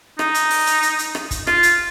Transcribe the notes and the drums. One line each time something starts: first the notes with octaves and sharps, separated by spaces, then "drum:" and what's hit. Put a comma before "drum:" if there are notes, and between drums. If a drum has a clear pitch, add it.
D#4, drum: rim click
drum: hi-hat
drum: open hi-hat
drum: hi-hat
drum: hi-hat
drum: hi-hat
drum: rim click
drum: kick, hi-hat
F4, drum: rim click
drum: hi-hat